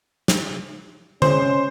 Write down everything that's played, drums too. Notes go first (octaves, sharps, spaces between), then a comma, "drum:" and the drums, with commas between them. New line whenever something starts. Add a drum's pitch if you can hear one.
drum: snare
G#3 C#4 C5, drum: tom D3